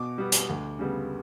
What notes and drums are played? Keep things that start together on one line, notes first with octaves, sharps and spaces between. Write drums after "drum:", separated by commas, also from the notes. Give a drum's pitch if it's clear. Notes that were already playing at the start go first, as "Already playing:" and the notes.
Already playing: B2 D6
G3 B3
drum: hi-hat
D2
C#3 G3 B3